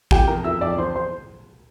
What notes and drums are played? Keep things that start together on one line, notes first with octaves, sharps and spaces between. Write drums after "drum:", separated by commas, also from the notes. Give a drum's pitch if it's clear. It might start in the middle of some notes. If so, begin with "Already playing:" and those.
F2 G4 G5, drum: kick A1
E3 A#4 A#5
F2 E5 E6
F2 D5 D6
E3 C5 C6
C5 C6